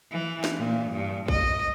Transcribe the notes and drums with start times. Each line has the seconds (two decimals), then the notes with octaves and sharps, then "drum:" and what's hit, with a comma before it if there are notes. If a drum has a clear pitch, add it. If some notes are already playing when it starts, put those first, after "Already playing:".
0.11 E3
0.44 drum: snare
0.57 A#2
0.91 G2
1.28 D#5, drum: kick